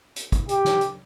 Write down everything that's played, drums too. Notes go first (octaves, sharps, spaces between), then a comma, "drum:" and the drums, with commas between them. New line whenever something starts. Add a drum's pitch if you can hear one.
drum: hi-hat
drum: kick, hi-hat
G4, drum: hi-hat
drum: snare
drum: hi-hat